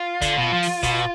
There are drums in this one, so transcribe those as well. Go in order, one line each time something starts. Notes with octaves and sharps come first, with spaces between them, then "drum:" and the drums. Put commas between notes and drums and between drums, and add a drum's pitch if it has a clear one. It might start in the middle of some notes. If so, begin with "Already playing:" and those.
Already playing: F4
D3, drum: kick, hi-hat
B2
F3
drum: open hi-hat
B2, drum: kick, hi-hat